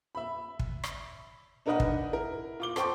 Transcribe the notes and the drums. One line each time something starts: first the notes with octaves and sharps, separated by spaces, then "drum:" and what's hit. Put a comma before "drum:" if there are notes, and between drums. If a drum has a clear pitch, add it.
E5 B5
drum: kick
drum: rim click
D4 D#4 A#4 B4 D#5 F#5
drum: kick
E4 A#4
F4 D6 G7
A4 C5 G5 C#6 D6, drum: rim click